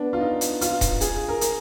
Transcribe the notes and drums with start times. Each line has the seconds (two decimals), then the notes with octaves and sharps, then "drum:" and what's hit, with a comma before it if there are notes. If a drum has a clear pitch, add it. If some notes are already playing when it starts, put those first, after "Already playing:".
Already playing: B3 D4
0.13 F4
0.21 D#4
0.41 drum: hi-hat
0.61 F4, drum: hi-hat
0.81 drum: kick D#1, hi-hat
1.01 G#4, drum: hi-hat
1.28 A#4
1.41 drum: hi-hat